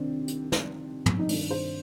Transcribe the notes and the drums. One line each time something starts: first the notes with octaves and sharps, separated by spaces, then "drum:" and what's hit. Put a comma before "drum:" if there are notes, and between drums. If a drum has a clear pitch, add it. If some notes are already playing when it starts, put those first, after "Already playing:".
Already playing: C2 C3 D#3 C4 D4
drum: hi-hat
drum: snare
drum: tom
D#4
G2 D#3 D4, drum: open hi-hat
C5